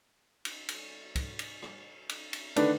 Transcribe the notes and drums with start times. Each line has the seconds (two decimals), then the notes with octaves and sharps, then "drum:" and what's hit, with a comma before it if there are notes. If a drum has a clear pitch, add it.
0.45 drum: cymbal
0.69 drum: cymbal
1.16 drum: kick, cymbal
1.39 drum: cymbal
1.62 drum: rim click
2.09 drum: cymbal
2.33 drum: cymbal
2.56 D3 D#3 A3 D4 B4, drum: cymbal